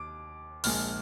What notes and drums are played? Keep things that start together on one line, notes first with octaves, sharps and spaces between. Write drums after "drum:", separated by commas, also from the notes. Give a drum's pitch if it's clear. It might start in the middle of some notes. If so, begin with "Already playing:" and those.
Already playing: D#2 D6
A#1 A#2 G#3 F6, drum: open hi-hat